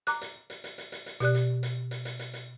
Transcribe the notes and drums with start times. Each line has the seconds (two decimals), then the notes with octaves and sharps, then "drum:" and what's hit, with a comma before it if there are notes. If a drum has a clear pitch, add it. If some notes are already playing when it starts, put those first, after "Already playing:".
0.07 A#5 D6 F#6, drum: hi-hat
0.21 drum: hi-hat
0.50 drum: hi-hat
0.64 drum: hi-hat
0.78 drum: hi-hat
0.92 drum: hi-hat
1.06 drum: hi-hat
1.20 B2 G4 D5 F#6, drum: hi-hat
1.35 drum: hi-hat
1.63 drum: hi-hat
1.91 drum: hi-hat
2.05 drum: hi-hat
2.19 drum: hi-hat
2.34 drum: hi-hat